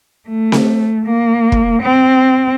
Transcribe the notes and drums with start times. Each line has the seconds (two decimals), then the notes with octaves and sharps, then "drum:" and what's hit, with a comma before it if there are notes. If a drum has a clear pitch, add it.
0.29 A3
0.52 drum: snare C4
1.06 A#3
1.52 drum: kick
1.83 C4